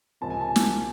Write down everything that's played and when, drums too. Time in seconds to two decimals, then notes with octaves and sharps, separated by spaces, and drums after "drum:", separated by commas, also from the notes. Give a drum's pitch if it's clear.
0.21 C#2 C3 F3 A#3 A5
0.30 G#5
0.41 A5
0.56 drum: snare